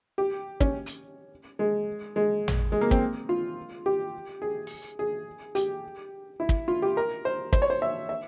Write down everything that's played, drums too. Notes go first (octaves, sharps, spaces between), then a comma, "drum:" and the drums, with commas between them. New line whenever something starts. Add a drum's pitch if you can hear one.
G4
C#4, drum: kick
drum: hi-hat
G#3
G#3
drum: tom A1
G#3
A#3
C4, drum: kick
F4
G4
G#4
drum: open hi-hat
G#4
G4, drum: hi-hat
E4
drum: kick
F4
G4
A#4
C5
C5, drum: kick
C#5
C5
E5
E5